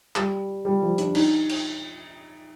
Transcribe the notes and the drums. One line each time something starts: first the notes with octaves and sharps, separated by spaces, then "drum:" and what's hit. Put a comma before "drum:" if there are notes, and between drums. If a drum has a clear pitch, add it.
G3, drum: clap
G3
F3
D4, drum: hi-hat
D#4, drum: cymbal
drum: cymbal